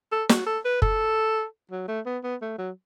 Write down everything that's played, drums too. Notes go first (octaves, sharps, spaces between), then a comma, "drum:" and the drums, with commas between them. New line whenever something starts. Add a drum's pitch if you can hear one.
A4
F#4, drum: snare
A4
B4
A4, drum: kick
F#3
A3
B3
B3
A3
F#3